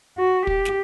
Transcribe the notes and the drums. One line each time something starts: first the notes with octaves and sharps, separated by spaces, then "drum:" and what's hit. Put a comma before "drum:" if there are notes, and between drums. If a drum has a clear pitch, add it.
F#4
G4, drum: kick
drum: snare